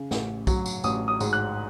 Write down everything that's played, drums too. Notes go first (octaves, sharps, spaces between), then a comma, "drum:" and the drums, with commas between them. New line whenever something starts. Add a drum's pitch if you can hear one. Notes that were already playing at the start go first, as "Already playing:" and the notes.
Already playing: C#3
A1, drum: snare
F#3, drum: kick, tambourine
drum: tambourine
A1 D#6, drum: tambourine
D#6
G#2, drum: tambourine
F#6